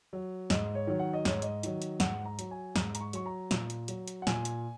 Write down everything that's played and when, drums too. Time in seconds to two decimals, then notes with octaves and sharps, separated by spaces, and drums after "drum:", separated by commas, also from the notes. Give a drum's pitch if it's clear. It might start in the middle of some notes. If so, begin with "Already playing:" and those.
0.13 F#3
0.50 G#2 D#5, drum: snare
0.75 C#5
0.87 D#3 F#3
0.99 F#5
1.13 D#5
1.25 G#2 C#5, drum: snare
1.42 D#5, drum: hi-hat
1.63 D#3 F#3, drum: hi-hat
1.82 drum: hi-hat
2.00 G#2 F#5, drum: snare
2.25 A#5
2.39 F#3, drum: hi-hat
2.51 G#5
2.76 G#2 A#5, drum: snare
2.95 A#5, drum: hi-hat
3.01 C#6
3.13 F#3 C#6, drum: hi-hat
3.26 A#5
3.51 A#2, drum: snare
3.70 drum: hi-hat
3.88 F#3, drum: hi-hat
4.08 drum: hi-hat
4.22 F#5
4.27 A#2 G#5, drum: snare
4.45 drum: hi-hat